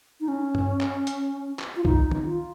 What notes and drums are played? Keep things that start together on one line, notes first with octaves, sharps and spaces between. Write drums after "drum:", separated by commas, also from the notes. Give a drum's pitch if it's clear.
D#4
C#4
drum: tom G2
drum: clap
drum: hi-hat
drum: clap
F4
D#4, drum: kick C2
drum: tom
F4